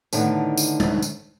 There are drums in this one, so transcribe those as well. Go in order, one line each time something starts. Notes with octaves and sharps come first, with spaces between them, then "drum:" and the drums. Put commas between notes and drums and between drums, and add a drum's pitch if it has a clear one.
A2 D3 D#3 B3 D4 D#4, drum: tambourine
drum: tambourine
drum: tom G#3
drum: tambourine